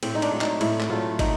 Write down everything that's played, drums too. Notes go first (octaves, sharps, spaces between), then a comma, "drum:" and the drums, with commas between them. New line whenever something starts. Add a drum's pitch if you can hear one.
A2 C4, drum: cymbal
D#4
D4, drum: cymbal
F#3 A3
D#4, drum: clap
A2 E4, drum: cymbal
drum: clap
F#3 A3 F4
D#4, drum: kick, cymbal